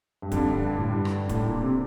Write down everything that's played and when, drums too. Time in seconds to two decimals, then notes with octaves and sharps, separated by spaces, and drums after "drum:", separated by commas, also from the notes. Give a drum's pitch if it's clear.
0.22 G2
0.31 F2 D3 G3 D4, drum: kick D1, hi-hat
0.49 G2
0.65 G2
0.78 A2
0.90 G2
1.05 drum: rim click
1.29 A2, drum: kick D1, hi-hat
1.46 A#2
1.62 C3